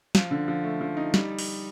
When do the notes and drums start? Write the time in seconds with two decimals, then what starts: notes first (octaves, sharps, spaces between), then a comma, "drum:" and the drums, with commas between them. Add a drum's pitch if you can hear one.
0.15 F3, drum: snare
0.31 D3
0.48 F3
0.64 A3
0.81 F3
0.97 D#4
1.14 G3, drum: snare
1.39 drum: open hi-hat